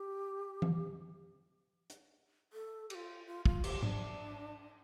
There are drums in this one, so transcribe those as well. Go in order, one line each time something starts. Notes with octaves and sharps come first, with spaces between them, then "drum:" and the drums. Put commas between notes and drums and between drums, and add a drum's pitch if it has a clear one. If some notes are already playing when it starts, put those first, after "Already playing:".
Already playing: G4
drum: tom E3
drum: hi-hat
A4
G4, drum: cymbal
F4
F4
F4, drum: kick
G4, drum: cymbal
D4, drum: tom G#2